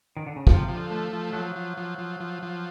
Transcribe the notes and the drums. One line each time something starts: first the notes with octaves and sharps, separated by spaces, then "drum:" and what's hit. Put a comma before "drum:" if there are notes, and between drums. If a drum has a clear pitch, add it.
D#3
D3
C#3
C3 F3, drum: kick
F3
D3
A3
F3
F3 F#3
F3
F3
F3
F3
F3